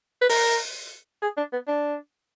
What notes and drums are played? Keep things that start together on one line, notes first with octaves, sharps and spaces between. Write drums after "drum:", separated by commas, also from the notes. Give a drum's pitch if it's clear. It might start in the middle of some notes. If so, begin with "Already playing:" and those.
B4
A#4, drum: open hi-hat
G#4
D4
B3
D4